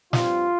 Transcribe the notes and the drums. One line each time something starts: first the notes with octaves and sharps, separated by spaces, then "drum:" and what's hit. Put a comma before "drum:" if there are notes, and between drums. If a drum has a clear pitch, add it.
G2 G3 C4 F4, drum: snare